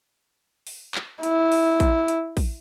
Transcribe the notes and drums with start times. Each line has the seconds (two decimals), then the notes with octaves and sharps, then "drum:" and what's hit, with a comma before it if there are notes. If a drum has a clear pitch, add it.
0.67 drum: open hi-hat
0.95 drum: clap
1.23 E4, drum: hi-hat
1.52 drum: open hi-hat
1.80 drum: kick, hi-hat
2.08 drum: hi-hat
2.37 drum: kick, open hi-hat